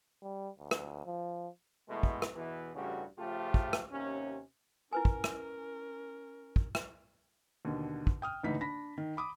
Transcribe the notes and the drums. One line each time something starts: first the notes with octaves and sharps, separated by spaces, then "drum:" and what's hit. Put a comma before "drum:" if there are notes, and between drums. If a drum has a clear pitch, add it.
G3
D2
drum: rim click
F3
B2 E3 G#3 A3
drum: kick
drum: rim click
E2 B2 E3
A1 G2 C#3 G3 F#4
C#3 F3 A3 F4 G4
drum: kick
drum: rim click
D#2 C3 C#4
C#4 E4 A#4 B4 G#5
drum: kick
drum: rim click
drum: kick
drum: rim click
D#2 B2 D3
drum: kick
G5 D#6 F6
F#1 D2 A2 E3 D#4 B6
D4 B5 A#6 B6
D#3
B5 D6 D#6